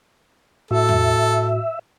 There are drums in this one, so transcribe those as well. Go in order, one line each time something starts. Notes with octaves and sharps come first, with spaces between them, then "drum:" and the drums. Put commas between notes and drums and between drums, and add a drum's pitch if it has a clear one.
A2 F#4 A4 E5
drum: tom E2